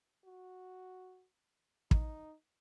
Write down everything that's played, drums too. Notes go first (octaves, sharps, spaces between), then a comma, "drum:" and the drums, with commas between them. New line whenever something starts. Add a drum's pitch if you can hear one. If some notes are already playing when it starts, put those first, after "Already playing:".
F#4
D#4, drum: kick